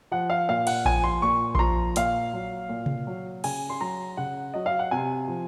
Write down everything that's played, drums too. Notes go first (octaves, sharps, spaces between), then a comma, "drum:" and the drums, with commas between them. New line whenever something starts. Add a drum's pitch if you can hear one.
F3 F#5
F5
A#2 F5
F#5, drum: cymbal
F3 G#5, drum: kick A#1
C6
A#2 C#6
C6, drum: kick A#1
F3 A#5
A#2 F5, drum: hi-hat
F#3
A#2
drum: tom C3
F#3
C#3 G#5, drum: cymbal
C6
F#3 A#5
C#3 F#5
F#3 D#5
F5
F#5
C3 G#5
F3